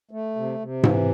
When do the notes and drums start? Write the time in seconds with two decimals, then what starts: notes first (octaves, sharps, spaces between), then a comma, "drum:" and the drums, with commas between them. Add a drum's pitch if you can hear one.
0.11 A3
0.36 C3
0.59 C3
0.83 E3, drum: tom G#2